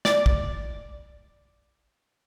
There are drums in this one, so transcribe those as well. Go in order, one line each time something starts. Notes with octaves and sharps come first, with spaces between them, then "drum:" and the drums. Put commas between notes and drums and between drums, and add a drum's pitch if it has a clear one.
D5 D6, drum: snare
drum: kick